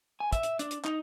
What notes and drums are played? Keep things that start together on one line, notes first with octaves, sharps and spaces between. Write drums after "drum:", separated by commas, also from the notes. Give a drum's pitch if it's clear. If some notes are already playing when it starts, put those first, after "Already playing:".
G#5
E5, drum: kick, hi-hat
drum: hi-hat
D4, drum: hi-hat
drum: hi-hat
D#4, drum: clap